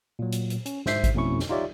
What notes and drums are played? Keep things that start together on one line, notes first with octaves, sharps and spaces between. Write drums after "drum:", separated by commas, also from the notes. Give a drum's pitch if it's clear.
A#2 F#3
drum: hi-hat
drum: hi-hat
C#4, drum: hi-hat
G#2 C5 E5 G6 B6 C7, drum: snare
drum: kick G#1, hi-hat
F2 B2 A3 C#4 E4 C#6
drum: snare
D#4 F4 G4 C#5 D5 E5